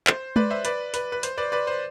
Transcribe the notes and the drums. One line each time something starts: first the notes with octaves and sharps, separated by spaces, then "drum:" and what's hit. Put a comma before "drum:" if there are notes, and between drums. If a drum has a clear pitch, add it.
C5, drum: clap
B4 D5, drum: tom G#3
C5 E5
B4 D5, drum: hi-hat
B4, drum: hi-hat
B4
C5, drum: hi-hat
B4 D5
B4 D5
C5